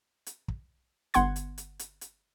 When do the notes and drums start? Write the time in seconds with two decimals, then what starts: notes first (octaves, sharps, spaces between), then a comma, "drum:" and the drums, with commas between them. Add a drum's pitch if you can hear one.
0.26 drum: hi-hat
0.48 drum: kick
1.14 G1 B3 F#5 C6 G#6, drum: hi-hat
1.36 drum: hi-hat
1.58 drum: hi-hat
1.79 drum: hi-hat
2.01 drum: hi-hat